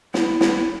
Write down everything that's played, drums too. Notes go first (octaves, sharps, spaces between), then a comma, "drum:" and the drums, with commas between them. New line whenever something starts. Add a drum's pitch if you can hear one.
E4, drum: snare
E4, drum: snare